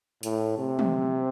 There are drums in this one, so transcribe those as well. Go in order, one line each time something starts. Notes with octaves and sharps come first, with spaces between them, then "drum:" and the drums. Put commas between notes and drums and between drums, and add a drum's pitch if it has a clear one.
A2, drum: hi-hat
C3
drum: tom